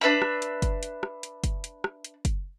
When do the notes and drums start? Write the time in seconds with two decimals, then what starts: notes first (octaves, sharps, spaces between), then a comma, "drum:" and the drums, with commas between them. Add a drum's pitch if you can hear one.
0.01 D4 B4 E5 B5
0.22 drum: rim click
0.42 drum: hi-hat
0.62 drum: kick, hi-hat
0.83 drum: hi-hat
1.03 drum: rim click
1.23 drum: hi-hat
1.44 drum: kick, hi-hat
1.64 drum: hi-hat
1.84 drum: rim click
2.04 drum: hi-hat
2.25 drum: kick, hi-hat